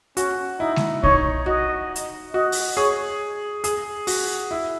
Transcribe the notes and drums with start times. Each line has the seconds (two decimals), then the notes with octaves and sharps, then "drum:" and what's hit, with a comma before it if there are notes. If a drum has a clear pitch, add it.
0.17 C#4 F#4, drum: hi-hat
0.60 D#4 E4
0.76 drum: snare G#3
1.03 D#4 C#5, drum: kick
1.46 F#4 D#5
1.96 drum: hi-hat
2.34 F#4 D#5
2.52 drum: open hi-hat
2.77 G#4 C#5
3.64 G#4, drum: hi-hat
4.07 F#4, drum: open hi-hat
4.51 E4